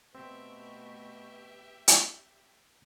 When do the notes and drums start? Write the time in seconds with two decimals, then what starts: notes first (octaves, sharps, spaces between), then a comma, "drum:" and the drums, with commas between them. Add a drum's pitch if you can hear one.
0.15 B2 A3 C4 G4 B4 E5
1.88 drum: hi-hat